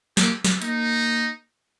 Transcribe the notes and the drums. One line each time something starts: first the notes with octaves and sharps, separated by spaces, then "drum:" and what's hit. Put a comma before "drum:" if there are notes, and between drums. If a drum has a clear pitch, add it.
A#3 G4, drum: snare
drum: snare
A#3 D#4, drum: hi-hat